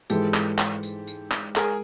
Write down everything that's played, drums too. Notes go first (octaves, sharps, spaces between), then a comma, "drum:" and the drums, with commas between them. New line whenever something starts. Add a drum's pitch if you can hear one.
G#2 E3 G#3 G4 A4, drum: tambourine
drum: clap
drum: clap
drum: tambourine
drum: tambourine
drum: clap
G#4 A#4, drum: clap